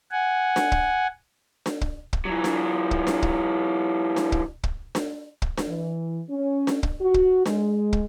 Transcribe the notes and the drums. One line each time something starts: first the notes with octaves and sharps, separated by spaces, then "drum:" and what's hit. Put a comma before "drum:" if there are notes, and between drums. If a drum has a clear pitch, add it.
F#5 G#5
drum: snare D4
drum: kick
drum: snare D4
drum: kick
drum: kick
E3 F#3
drum: snare D4
drum: kick
drum: snare D4
drum: kick
drum: snare D4
drum: kick
drum: kick
drum: snare D4
drum: kick
drum: snare D4
E3
C#4
drum: snare D4
drum: kick
F#4
drum: kick
G#3, drum: snare D4
drum: kick